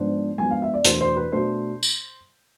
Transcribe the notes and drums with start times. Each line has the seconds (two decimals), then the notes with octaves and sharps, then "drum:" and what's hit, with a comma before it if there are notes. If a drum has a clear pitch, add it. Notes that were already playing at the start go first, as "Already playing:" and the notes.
Already playing: G#2 F3 B3 D4 C5
0.38 G#2 F3 B3 D4 G#5
0.51 F5
0.62 E5
0.74 D5
0.85 E2 B2 A3 D4 C5, drum: hi-hat
1.01 C5
1.17 B4
1.32 B2 A3 D4 C5
1.83 drum: tambourine